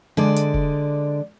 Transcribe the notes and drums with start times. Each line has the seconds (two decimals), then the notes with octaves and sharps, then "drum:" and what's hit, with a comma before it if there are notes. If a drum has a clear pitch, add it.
0.17 D3 G#3 D5
0.36 drum: hi-hat
0.54 drum: kick